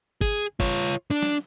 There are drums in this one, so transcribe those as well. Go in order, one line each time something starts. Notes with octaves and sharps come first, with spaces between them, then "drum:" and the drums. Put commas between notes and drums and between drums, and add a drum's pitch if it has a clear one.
G#4, drum: kick G1, hi-hat
F4 C#5, drum: kick G1
D4
drum: snare